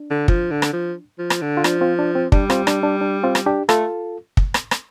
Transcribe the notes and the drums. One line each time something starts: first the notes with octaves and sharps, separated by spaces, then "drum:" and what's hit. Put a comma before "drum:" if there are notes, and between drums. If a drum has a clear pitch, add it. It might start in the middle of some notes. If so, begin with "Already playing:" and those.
Already playing: D4
D3
F3, drum: kick
D3
drum: rim click
F3
F3
drum: rim click
D3
F4
F3 D4, drum: rim click
C4 F4
D4
C4
G3 D4, drum: kick
C4 F4, drum: rim click
D4, drum: rim click
D4
D4
C4 F4
drum: rim click
D4 G4
A3 F4 A4, drum: rim click
drum: kick
drum: rim click
drum: rim click